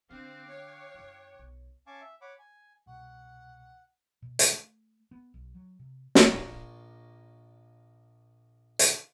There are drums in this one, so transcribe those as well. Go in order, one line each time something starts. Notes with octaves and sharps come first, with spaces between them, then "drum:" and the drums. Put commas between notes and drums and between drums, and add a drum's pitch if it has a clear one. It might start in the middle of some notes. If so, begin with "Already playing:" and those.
D3 C4 F5 G5 D6 F#6
C#5
F#2 E4
B1
C#4 F5 G#5 A5 C#6 D6
E5
C#5 F#5 B5 D6
G#5
C2 B2 F#5 C#6
B2
drum: hi-hat
A3
B3
B1
F#3
C3
drum: snare
A#1 A#3 A#4 D5 C6 C#6
drum: hi-hat